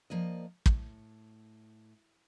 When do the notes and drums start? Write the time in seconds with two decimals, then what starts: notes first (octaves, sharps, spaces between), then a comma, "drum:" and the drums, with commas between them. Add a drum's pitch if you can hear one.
0.10 F3 A#3 D5 D#5
0.66 A2, drum: kick